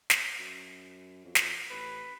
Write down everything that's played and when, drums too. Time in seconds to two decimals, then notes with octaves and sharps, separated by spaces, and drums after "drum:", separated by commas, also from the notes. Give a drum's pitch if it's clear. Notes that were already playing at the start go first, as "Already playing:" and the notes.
0.10 drum: snare
0.40 F#2
1.25 F2
1.35 drum: snare
1.70 A1 B4